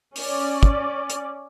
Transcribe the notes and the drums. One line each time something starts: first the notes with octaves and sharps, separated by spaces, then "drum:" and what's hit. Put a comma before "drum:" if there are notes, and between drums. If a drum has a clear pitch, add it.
C#4 D5, drum: open hi-hat
drum: kick, hi-hat
drum: hi-hat